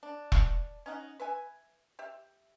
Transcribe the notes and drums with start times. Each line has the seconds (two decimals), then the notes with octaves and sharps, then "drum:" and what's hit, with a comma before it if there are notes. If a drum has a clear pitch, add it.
0.03 D4
0.32 drum: kick E1
0.86 C#4 D#4 F#5
1.20 B4 E5 G#5
1.99 G4 E5